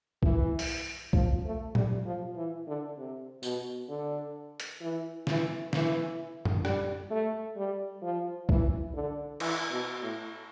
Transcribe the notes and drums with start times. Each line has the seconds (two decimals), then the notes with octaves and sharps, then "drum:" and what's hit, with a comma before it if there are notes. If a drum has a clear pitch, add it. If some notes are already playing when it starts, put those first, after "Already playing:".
0.23 E3, drum: kick B1
0.59 drum: open hi-hat
1.13 F3, drum: kick B1
1.45 A3
1.75 G3, drum: tom A#2
2.05 F3
2.36 E3
2.67 D3
2.98 C3
3.43 B2, drum: tambourine
3.89 D3
4.60 drum: hi-hat
4.81 E3
5.27 E3, drum: snare
5.73 E3, drum: snare
6.45 drum: tom
6.65 G3, drum: rim click
7.11 A3
7.56 G3
8.03 F3
8.49 E3, drum: kick B1
8.94 D3
9.40 E3, drum: cymbal
9.71 B2
10.02 A2